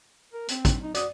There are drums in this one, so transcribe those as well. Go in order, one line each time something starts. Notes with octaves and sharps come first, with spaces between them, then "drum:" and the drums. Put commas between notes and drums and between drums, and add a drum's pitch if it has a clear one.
A#4
C4, drum: hi-hat
drum: kick, hi-hat
D#4
F#4 D5 D#6, drum: hi-hat